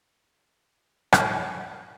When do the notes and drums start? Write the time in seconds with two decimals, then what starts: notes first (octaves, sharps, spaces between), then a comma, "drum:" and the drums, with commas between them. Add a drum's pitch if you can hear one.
0.13 E5 A5 C6 A6 B6
1.12 drum: rim click